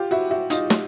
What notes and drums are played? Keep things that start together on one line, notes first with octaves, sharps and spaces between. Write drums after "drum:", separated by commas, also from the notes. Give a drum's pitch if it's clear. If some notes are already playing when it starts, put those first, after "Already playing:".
Already playing: F4 G4
E4 F#4
E4 F#4
D#4 F4, drum: hi-hat
drum: snare